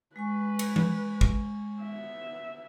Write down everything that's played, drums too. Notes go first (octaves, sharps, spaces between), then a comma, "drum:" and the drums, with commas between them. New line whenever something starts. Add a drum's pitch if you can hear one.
G#3 B4 G#5 C#6
drum: cymbal
drum: tom
drum: kick
B3 E5